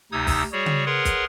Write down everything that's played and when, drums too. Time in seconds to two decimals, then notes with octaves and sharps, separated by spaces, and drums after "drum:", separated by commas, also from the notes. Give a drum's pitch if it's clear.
0.12 D2 C3 D#4 D#6 E6 G#6
0.27 drum: kick, open hi-hat
0.52 G3 F#4 G#4 C#5
0.66 drum: tom C#3
0.86 G#4 A#4 B4 C#5 F#5 C6
1.05 drum: kick, hi-hat